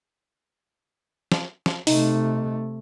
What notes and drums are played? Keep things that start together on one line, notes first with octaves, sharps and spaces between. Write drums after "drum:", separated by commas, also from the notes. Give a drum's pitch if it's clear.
drum: snare
drum: snare
C3 A3 D#4, drum: open hi-hat